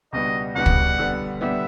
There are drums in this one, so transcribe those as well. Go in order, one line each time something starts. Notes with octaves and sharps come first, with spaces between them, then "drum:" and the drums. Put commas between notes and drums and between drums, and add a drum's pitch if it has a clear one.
C#2 B2 G3 B3 D4 D#5
C#2 B2 G3 B3 D4 F#5
drum: kick
D3 G3 B3
D3 G3 B3 E5